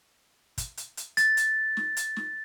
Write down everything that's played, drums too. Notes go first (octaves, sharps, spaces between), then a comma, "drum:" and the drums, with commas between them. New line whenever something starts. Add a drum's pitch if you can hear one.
drum: kick, hi-hat
drum: hi-hat
drum: hi-hat
A6, drum: hi-hat
drum: hi-hat
drum: snare
drum: hi-hat
drum: snare